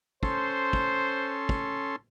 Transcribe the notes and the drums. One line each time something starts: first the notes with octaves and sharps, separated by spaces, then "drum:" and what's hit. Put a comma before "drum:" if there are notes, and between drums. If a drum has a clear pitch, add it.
C#4 A4 C5 C6, drum: kick
drum: kick
drum: kick